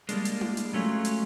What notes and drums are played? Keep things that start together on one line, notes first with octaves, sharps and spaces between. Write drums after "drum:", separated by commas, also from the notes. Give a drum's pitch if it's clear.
G3 G#3 A#3 D4, drum: hi-hat
drum: hi-hat
drum: tom E4
drum: hi-hat
F#3 A3 C#4 F4
drum: hi-hat